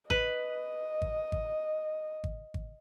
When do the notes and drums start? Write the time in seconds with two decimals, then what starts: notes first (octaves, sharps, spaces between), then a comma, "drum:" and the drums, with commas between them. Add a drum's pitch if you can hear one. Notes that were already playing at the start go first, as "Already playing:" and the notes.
0.10 B4 D#5, drum: kick G#1
1.02 drum: kick G#1
1.32 drum: kick G#1
2.24 drum: kick G#1
2.54 drum: kick G#1